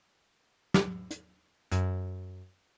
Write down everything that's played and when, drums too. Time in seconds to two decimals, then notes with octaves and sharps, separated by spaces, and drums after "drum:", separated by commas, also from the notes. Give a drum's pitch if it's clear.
0.74 drum: snare
1.11 drum: hi-hat
1.72 F#2, drum: hi-hat